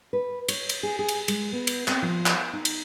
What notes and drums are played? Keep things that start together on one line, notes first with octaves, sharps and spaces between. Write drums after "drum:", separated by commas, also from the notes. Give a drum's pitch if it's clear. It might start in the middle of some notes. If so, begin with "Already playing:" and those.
B4
C#5, drum: cymbal
drum: cymbal
G#4
G#4
drum: cymbal
G#3, drum: cymbal
B3
drum: cymbal
C4, drum: clap
F3
drum: clap
D#4
drum: cymbal